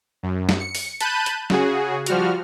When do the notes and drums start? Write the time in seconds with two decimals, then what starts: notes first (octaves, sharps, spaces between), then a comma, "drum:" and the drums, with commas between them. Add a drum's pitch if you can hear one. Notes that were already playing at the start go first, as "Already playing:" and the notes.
0.23 F#2
0.49 drum: snare
0.59 C#7
0.75 drum: open hi-hat
1.00 A5 B5 F#6 G6 D#7, drum: hi-hat
1.26 drum: hi-hat
1.50 C#3 F#4 G#4, drum: snare
2.06 F3 G3 F#4 F6, drum: hi-hat